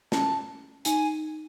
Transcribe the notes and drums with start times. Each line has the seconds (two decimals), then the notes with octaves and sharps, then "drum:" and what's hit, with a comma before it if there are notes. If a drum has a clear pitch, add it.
0.12 C#4 A5, drum: snare
0.85 D#4 G#5, drum: hi-hat